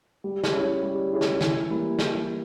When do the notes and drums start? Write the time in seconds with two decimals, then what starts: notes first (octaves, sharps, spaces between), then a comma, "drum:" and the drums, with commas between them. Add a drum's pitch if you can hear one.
0.24 G3
0.44 drum: snare
0.53 C#4 E4 G#4 C#5
0.82 G3
1.12 C#4 E4 G#4 C#5
1.21 drum: snare
1.41 E3, drum: snare
1.70 G3 A#3 E4
1.99 drum: snare